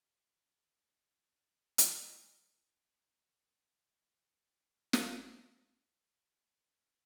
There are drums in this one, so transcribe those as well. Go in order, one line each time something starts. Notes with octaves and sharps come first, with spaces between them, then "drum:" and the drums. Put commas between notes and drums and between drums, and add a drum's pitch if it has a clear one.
E4
G#5
D5
A#4
drum: hi-hat
F#3
D#4
F#2
D#3
C#4
B4
C#3
C4
F#4
A4
drum: snare
E4 C5 E5
G3 A#3 C#4 D4 B4 C#5 D#5 E6
F#2 G3 G#3 A#3 C4 F#4 B5